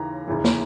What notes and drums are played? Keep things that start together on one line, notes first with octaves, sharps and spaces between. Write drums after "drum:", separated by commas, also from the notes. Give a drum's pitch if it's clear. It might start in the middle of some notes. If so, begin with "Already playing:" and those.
Already playing: D#2 C#3 E3 A#5
F1 E2 C#3 E3
drum: snare